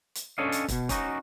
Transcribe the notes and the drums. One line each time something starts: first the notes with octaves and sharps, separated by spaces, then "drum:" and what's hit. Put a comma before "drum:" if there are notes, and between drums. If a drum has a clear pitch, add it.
drum: hi-hat
C#4 D4 A4 C#5 D#5 F5
drum: hi-hat
D2 B2, drum: kick, hi-hat
C#4 D#4 F#4, drum: kick, hi-hat